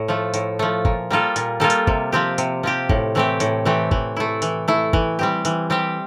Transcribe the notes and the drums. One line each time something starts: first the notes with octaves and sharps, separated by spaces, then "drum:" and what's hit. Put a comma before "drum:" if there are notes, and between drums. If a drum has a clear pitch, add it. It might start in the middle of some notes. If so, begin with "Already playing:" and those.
Already playing: A2
F3 A3
A2, drum: hi-hat
F3 A3
A#2, drum: kick
G3 A#3 F4 A4
A#2, drum: hi-hat
G3 A#3 F4 A4
drum: hi-hat
C3, drum: kick
F3 C4 G4
C3, drum: hi-hat
F3 C4 G4
A2, drum: kick
E3 A3 C4 G4
A2, drum: hi-hat
E3 A3 C4 G4
E3, drum: kick
A3 E4
E3, drum: hi-hat
A3 E4
E3, drum: kick
G3 C4 G4
E3, drum: hi-hat
G3 C4 G4